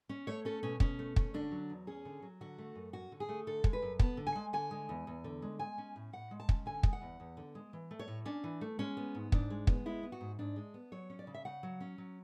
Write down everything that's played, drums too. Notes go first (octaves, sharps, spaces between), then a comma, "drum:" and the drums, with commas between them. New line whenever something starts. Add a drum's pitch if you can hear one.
C#4
A3 C#5
C#4 A4
B2 C#4
B2 C#4, drum: kick
A3
C#4, drum: kick
D3 D4
F#3
E2
C#4 G#4
D3
F#3
D3 F#4
A3
F#2
C#4 F#4
D3
G#4
A3
D3 A4
G#3, drum: kick
B4
F#2
B3 A5, drum: kick
D3
G#5
G#3
D3 G#5
G#3
E2
E2
D3
G#3
G#3 G#5
C#4
A2
A2 F#5
G#3
A5
C#4, drum: kick
D3 G#5
G#3, drum: kick
F#5
E2
E2
D3
G#3
E3
A3
C#5
A2
C#4 D4
E3
A3
G#3 C#4
B3
G#2
G#2 D4, drum: kick
G#3
B3, drum: kick
G#3 E4
B3
F#4
G#2
G#2 D4
G#3
B3
F#3 C#5
C#4
D5
C#3
E5
C#3 F#5
F#3
C#4
F#3